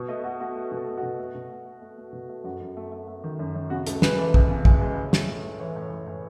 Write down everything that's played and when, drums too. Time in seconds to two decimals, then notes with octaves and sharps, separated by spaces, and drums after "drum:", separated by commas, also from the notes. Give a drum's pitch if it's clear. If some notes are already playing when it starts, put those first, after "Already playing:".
Already playing: B2
0.08 A3 D#5
0.24 A3 F#4
0.40 A3 F#4
0.55 A3
0.72 B2
0.77 A4
0.87 A3
0.98 F#4
1.03 B2
1.19 A3
1.35 B2
1.51 A3
1.66 A3
1.82 A3
1.98 A3
2.13 B2
2.29 A3
2.44 F#2 F#4
2.61 F#2
2.77 A3
2.92 A3
3.08 A3
3.24 D#3
3.39 F#2
3.55 F#2
3.70 C#3 F#4
3.87 C#2 A4, drum: hi-hat
4.02 G#3 B4, drum: snare
4.17 E3 A4
4.34 C#2, drum: kick
4.50 C#3
4.65 G#3, drum: kick
4.81 G#3
4.97 A2
5.13 A2, drum: snare
5.28 A3
5.44 A3
5.60 E3 C#5
5.76 A2
5.91 A2
6.07 A2